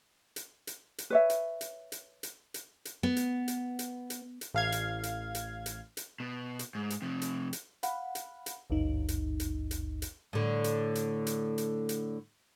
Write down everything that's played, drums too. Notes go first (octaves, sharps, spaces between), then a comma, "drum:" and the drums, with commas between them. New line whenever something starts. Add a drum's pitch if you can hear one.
drum: hi-hat
drum: hi-hat
drum: hi-hat
B4 C#5 E5
drum: hi-hat
drum: hi-hat
drum: hi-hat
drum: hi-hat
drum: hi-hat
drum: hi-hat
B3
drum: hi-hat
drum: hi-hat
drum: hi-hat
drum: hi-hat
drum: hi-hat
A1 F5 G#6
drum: hi-hat
drum: hi-hat
drum: hi-hat
drum: hi-hat
drum: hi-hat
B2
drum: hi-hat
G#2
drum: hi-hat
F2 C3
drum: hi-hat
drum: hi-hat
F5 F#5 B5, drum: hi-hat
drum: hi-hat
drum: hi-hat
G#1 D2 G2 D#4
drum: hi-hat
drum: hi-hat
drum: hi-hat
drum: hi-hat
A2 D3
drum: hi-hat
drum: hi-hat
drum: hi-hat
drum: hi-hat
drum: hi-hat